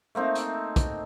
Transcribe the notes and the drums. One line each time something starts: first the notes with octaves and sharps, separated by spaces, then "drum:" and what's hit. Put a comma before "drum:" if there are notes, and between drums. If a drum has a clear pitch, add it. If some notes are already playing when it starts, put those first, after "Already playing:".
A3 A#3 C4 D#4
drum: hi-hat
drum: kick, hi-hat